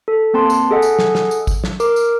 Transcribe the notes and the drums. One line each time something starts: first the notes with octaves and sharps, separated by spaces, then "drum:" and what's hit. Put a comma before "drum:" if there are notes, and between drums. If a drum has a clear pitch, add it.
A4
A#3 C4 A5 C6
drum: tambourine
G#4 A4 D#5 F#5
drum: tambourine
drum: snare
drum: snare
drum: tambourine
drum: kick A1, tambourine
drum: snare
A#4 D6, drum: tambourine
drum: tambourine